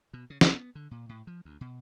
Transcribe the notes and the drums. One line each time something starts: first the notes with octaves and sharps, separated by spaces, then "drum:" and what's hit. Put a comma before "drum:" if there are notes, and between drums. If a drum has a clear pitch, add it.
B2
C#3
C2, drum: snare
B3
D3
A#2
A2
F3
D2
B2